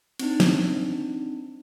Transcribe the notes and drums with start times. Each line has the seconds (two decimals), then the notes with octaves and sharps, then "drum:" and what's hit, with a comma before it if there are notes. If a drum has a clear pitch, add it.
0.19 C4 D4 D#4, drum: cymbal
0.40 drum: snare